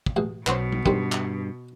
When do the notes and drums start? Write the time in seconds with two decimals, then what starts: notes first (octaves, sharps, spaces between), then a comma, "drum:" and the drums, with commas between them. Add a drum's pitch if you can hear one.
0.06 drum: kick
0.16 A1 B2 G#4
0.47 B1 B2 B3 C#4 C5, drum: clap
0.72 drum: tom G3
0.86 G2 D#3 G3 C4, drum: kick
1.12 drum: clap